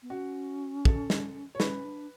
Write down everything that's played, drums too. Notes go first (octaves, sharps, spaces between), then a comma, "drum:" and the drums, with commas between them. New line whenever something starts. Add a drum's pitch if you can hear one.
B3
C#4 F#4
A4, drum: kick
drum: snare
C#5
C#4 B4, drum: snare
D4